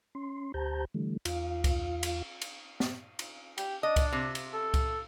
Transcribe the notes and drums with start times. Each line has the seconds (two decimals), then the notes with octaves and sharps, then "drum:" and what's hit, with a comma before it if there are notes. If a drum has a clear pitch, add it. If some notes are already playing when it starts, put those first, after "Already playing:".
0.15 C#4 C6
0.54 D2 G4 C5 A5 A#5 G6
0.94 D3 E3 G3 A3
1.25 E2 F4 F5, drum: cymbal
1.64 drum: kick C2, cymbal
2.03 drum: cymbal
2.42 drum: cymbal
2.80 drum: snare
3.19 drum: cymbal
3.58 G4, drum: cymbal
3.83 D4 D#5
3.96 drum: kick C2, cymbal
4.13 C3
4.35 drum: cymbal
4.53 A4
4.74 drum: kick C2, cymbal